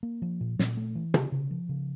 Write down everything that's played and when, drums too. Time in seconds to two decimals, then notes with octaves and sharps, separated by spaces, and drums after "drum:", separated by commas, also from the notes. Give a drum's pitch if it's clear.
0.03 A#3
0.22 F3
0.41 A#2
0.59 A#2, drum: snare
0.77 A3
0.95 E3
1.14 C#3, drum: tom
1.32 C#3
1.51 F3
1.69 C#3